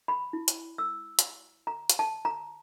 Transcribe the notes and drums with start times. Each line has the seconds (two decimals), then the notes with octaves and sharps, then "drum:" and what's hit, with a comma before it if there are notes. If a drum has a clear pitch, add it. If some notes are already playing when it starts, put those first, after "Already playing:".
0.08 B5
0.33 E4
0.48 drum: hi-hat
0.78 E6
1.19 drum: hi-hat
1.67 A#5
1.90 drum: hi-hat
1.99 A5
2.25 A#5